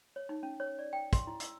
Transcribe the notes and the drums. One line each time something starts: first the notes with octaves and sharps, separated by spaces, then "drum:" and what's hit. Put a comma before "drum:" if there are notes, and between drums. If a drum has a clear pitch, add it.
C#5
D#4
C#4
C#5
D5
G5
C6, drum: kick, hi-hat
E4
E6, drum: hi-hat